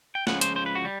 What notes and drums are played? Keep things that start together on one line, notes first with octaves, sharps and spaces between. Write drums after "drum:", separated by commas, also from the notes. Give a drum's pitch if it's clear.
G5
C#2 C#3 F3 F#5, drum: snare
C5, drum: hi-hat
C5
B4
F#4
G3